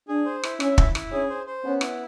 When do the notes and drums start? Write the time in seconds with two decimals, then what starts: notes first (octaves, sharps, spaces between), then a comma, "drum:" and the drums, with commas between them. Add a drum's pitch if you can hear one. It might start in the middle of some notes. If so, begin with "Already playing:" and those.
0.08 D4 G#4
0.26 C5
0.43 E4, drum: rim click
0.60 C#4 E5, drum: rim click
0.78 E4, drum: kick
0.95 E4, drum: rim click
1.12 C#4 G#4
1.30 C5
1.46 C5
1.65 B3 C#4
1.81 E4, drum: rim click